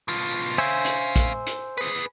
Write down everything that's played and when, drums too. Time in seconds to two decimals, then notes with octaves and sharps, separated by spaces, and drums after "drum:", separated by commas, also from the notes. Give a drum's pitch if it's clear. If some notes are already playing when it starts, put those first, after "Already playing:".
0.08 B2 F4
0.58 C5 C#5 E5 F5 G#5
0.85 drum: hi-hat
1.16 drum: kick A#1, hi-hat
1.47 drum: hi-hat
1.78 G#4 B4